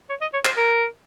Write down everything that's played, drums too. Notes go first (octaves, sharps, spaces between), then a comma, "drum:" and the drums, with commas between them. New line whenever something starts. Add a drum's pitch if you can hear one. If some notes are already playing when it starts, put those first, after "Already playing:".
C#5
D#5
C#5
C5, drum: clap
A#4